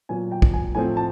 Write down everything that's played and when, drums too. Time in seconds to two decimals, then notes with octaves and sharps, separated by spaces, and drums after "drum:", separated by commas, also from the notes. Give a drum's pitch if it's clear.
0.09 A#2 F#3 B3 G#5
0.31 G5
0.42 drum: kick
0.54 G#5
0.75 A2 F3 A3 C4 G#5
0.97 A5